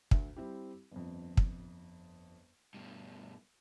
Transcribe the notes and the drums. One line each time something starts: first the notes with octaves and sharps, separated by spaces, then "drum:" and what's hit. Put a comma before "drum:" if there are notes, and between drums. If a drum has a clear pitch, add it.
D2, drum: kick
G3 C4 E4 G4
G1 F2
drum: kick
G2 B2